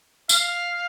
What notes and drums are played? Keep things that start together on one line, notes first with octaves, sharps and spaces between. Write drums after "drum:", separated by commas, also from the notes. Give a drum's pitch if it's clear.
F5, drum: tambourine